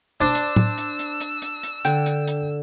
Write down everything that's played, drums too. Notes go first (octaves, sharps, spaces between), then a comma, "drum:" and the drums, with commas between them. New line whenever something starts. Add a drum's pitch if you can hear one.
D4 C5 E6
drum: hi-hat
drum: tom
drum: hi-hat
drum: hi-hat
drum: hi-hat
drum: hi-hat
drum: hi-hat
D3 G5, drum: hi-hat
drum: hi-hat
drum: hi-hat